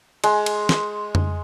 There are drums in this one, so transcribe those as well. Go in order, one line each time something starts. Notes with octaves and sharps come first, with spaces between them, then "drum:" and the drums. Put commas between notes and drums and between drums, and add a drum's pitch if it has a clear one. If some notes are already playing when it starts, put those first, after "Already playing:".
G#3, drum: cymbal
drum: cymbal
drum: snare
drum: tom F2